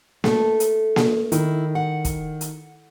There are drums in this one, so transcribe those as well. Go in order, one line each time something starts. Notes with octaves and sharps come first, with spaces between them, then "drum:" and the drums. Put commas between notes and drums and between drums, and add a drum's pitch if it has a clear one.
A3, drum: snare A#3
drum: hi-hat
drum: snare A#3
D#3 E4, drum: hi-hat
F#5
drum: kick, hi-hat
drum: hi-hat